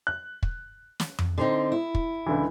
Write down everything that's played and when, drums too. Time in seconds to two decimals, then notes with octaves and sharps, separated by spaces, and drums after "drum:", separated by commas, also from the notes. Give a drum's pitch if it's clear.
0.07 F#6
0.43 drum: kick
1.00 drum: snare
1.19 drum: tom F2
1.38 D3 C4 D#4
1.72 E4
1.95 drum: kick
2.27 C#2 D3 E3